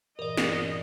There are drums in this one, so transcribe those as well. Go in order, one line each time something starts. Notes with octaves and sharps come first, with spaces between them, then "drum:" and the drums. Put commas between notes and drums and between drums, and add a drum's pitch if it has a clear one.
G2 A#2 E3 A#4 D5 D#5
drum: snare